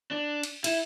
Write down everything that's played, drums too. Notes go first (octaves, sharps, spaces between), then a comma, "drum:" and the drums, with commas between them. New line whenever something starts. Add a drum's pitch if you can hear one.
D4
drum: cymbal
E4, drum: cymbal